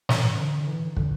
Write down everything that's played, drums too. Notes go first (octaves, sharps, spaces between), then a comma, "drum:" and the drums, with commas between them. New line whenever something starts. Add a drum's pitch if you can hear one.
E3, drum: snare
D3
D3
E3
D3, drum: kick